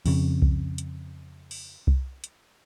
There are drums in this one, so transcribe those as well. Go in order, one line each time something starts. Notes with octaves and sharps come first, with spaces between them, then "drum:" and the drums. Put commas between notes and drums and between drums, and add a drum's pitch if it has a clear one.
F2 C#3, drum: open hi-hat
drum: kick C2
drum: hi-hat
drum: open hi-hat
drum: kick C2
drum: hi-hat